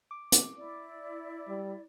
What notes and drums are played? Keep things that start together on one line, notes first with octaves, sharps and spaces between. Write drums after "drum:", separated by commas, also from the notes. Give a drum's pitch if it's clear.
D6
drum: hi-hat
E4 D5
G3